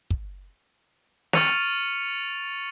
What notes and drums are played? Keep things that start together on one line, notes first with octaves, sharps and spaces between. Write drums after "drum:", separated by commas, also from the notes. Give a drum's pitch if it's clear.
drum: kick
C#6 F6 A6 C#7 D#7 F7, drum: snare